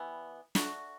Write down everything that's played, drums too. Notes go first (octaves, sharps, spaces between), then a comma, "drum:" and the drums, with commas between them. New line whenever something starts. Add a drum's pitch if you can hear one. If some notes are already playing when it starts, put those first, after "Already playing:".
Already playing: E3 G3 B3
A3 D4 F#4, drum: snare